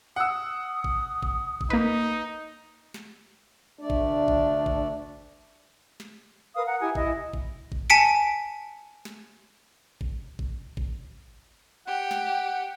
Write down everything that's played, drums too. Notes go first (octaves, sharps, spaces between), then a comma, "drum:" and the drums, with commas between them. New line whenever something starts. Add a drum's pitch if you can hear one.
F#5 D#6 E6
drum: kick G1
drum: kick G1
drum: kick G1
A#3 D#4 B4
drum: snare
D2 A3 D4 D5
drum: kick G1
drum: kick G1
drum: kick G1
drum: snare
A#4 B4 F5 D#6
F#5 A#5
E4 G4 G#5 D#6
E4 D#5, drum: kick G1
drum: kick G1
drum: kick G1
G#5 A5 B6 C#7 D7
drum: snare
drum: kick G1
drum: kick G1
drum: kick G1
G4 F#5
drum: snare